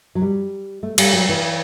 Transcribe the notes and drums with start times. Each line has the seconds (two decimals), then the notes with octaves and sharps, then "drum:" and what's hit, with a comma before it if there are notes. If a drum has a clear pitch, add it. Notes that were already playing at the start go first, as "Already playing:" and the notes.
0.15 F#3
0.22 G3
0.83 A3
0.98 G3, drum: cymbal
1.13 F#3
1.29 E3